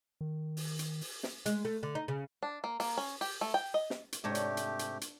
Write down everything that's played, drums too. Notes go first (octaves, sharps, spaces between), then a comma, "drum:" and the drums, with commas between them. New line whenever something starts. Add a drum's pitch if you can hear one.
D#3
drum: open hi-hat
drum: hi-hat
drum: open hi-hat
drum: snare
G#3, drum: hi-hat
A3
D3
D#4
C#3
D4
A#3
A#3, drum: open hi-hat
C#4
G4, drum: open hi-hat
A3
G5
D#5
drum: snare
drum: hi-hat
G#2 C3 A3 D4 G4 C#5 A#5
drum: hi-hat
drum: hi-hat
drum: hi-hat
drum: hi-hat